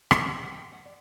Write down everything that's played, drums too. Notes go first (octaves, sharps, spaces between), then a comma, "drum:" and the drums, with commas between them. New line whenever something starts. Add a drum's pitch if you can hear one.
A2 F#5, drum: rim click
F#5
E3 F5
F#5
A2 G5
E3 F#5
D5